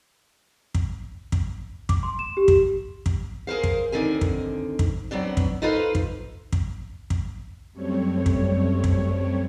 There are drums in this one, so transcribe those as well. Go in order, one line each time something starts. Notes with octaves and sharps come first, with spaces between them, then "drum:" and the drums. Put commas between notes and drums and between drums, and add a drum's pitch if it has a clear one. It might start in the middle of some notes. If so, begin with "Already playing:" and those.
drum: kick
drum: kick
D6, drum: kick
C6
E7
G4
drum: kick
drum: kick
G#4 A#4 C5 F5
drum: kick
D#2 G#2 D3 D#3 C4 G#5
drum: kick
drum: kick
F#3 B3 C4 D4
drum: kick
D#4 F4 A4 B4 C5 F5
drum: kick
drum: kick
drum: kick
F#2 G3 A3 C4 C#5
drum: kick
drum: kick